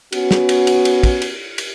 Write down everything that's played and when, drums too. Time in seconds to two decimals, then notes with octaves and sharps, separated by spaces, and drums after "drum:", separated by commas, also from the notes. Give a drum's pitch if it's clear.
0.12 B3 C#4 F#4, drum: cymbal
0.31 drum: snare
0.49 drum: cymbal
0.67 drum: cymbal
0.85 drum: cymbal
1.03 drum: kick, cymbal
1.22 drum: cymbal
1.58 drum: cymbal